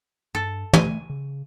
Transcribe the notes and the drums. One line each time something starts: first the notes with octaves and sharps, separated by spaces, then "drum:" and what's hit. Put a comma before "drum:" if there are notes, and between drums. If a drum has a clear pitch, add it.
G2 A4
A3 G#5, drum: tom
C#3